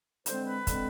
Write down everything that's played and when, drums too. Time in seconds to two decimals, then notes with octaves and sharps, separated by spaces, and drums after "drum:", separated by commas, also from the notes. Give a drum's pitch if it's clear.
0.26 D3 G#3 C4 C5, drum: hi-hat
0.46 B4
0.67 D3 G#3 C4, drum: kick, hi-hat